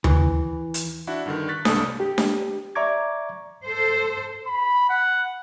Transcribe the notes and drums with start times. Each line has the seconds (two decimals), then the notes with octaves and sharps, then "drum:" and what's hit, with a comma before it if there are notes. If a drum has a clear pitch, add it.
0.04 E3, drum: tom D#2
0.74 drum: hi-hat
1.07 D4 E4 F#4
1.26 G2 D3 D#3
1.48 C#6 F#6 A6 B6
1.65 C2 G2 A4 D#6, drum: snare D4
2.00 G4
2.18 drum: snare D4
2.75 D5 E5 A#5 C#6 D6 G#6
3.64 A4 C5
4.47 B5
4.89 F#5